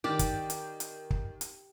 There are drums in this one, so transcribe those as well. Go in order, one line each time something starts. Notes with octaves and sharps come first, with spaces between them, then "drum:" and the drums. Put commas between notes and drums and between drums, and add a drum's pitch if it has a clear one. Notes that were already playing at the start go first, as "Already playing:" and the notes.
D#3 G4 D5
drum: kick, hi-hat
drum: hi-hat
drum: hi-hat
drum: kick
drum: hi-hat